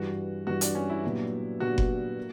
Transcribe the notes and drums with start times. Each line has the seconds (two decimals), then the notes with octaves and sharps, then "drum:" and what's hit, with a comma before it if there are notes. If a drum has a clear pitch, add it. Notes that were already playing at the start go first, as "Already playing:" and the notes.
Already playing: G2 E3 G3 F#4
0.47 G2 E3 G3 F#4
0.61 D4, drum: hi-hat
0.75 C#4
0.90 E4
1.04 A#2 F#3 B3 D4 G4
1.60 A#2 F#3 B3 D4 F#4 G4
1.78 drum: kick F#1
2.17 A#3